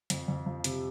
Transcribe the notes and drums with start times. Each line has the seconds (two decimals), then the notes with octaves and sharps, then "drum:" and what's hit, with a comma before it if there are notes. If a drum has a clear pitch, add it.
0.10 F2, drum: hi-hat
0.28 F2
0.46 F3
0.64 C3, drum: hi-hat